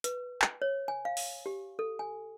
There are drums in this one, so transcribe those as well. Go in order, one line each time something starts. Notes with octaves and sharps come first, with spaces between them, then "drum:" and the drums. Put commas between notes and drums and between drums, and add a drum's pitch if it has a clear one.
B4, drum: hi-hat
drum: clap
C#5
G#5
F5
drum: open hi-hat
G4
A4
G#5